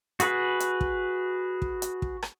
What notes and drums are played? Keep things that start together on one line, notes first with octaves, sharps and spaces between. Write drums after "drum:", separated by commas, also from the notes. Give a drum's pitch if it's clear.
F#4 G#4 B4, drum: hi-hat
drum: hi-hat
drum: kick
drum: kick
drum: hi-hat
drum: kick
drum: rim click